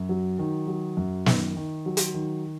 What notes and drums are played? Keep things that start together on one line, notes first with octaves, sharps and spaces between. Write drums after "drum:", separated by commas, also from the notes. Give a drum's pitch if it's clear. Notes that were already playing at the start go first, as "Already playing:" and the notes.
Already playing: F#2
F#3
D#3
F#3
F#2
D#3, drum: snare
D#3
F#3
drum: hi-hat
D#3